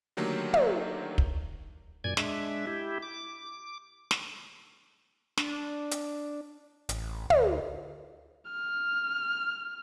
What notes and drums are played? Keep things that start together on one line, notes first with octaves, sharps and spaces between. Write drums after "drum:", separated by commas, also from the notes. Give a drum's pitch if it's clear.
D3 D#3 F#3 A3 A#3 G4
drum: tom
drum: kick
F#2 A#2 D5 G#5 G#6
G#3 D4 E5, drum: snare
E4 G4
D6
drum: snare
D4, drum: snare
drum: hi-hat
A1, drum: hi-hat
D2, drum: tom
F6